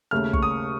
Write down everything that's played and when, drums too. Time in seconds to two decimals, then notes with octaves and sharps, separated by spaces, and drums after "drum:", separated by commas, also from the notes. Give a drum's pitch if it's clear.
0.11 D#2 C#3 A3 F6
0.33 C#6, drum: kick
0.43 D#6